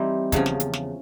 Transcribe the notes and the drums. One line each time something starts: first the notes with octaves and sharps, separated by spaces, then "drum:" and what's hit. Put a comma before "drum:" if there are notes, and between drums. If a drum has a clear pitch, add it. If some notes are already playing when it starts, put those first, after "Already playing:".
Already playing: E3 G3 C4 D#4
E2 C#3 F3, drum: kick, hi-hat
drum: snare
drum: hi-hat
drum: snare